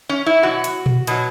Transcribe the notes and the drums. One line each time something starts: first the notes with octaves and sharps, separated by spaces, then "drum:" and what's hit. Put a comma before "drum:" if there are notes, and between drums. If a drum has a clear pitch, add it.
C#4
E4
B2 F#3 F#4
drum: hi-hat
drum: tom A#2
B2 F#3, drum: hi-hat